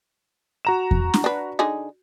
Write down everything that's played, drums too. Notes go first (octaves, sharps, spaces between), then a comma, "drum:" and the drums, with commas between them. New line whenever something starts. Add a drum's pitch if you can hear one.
F#4 A#5 E7
drum: kick E2
drum: snare
D4 B4
D3 D#4 G#4